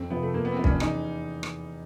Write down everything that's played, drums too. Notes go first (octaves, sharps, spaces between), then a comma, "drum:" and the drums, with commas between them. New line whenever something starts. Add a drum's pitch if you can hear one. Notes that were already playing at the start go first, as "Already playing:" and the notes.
Already playing: F2 C4
C3 F3 B3
A3
F2 A#3
B3
C4
C3 F3 B3
C#4, drum: kick
D4
E2 D#4, drum: rim click
drum: rim click